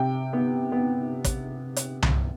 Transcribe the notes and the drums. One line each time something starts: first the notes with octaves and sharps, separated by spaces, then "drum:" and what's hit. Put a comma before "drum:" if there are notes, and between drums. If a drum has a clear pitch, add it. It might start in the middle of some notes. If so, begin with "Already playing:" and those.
Already playing: C3 G5
B3
B3
drum: kick, hi-hat
drum: hi-hat
drum: tom C2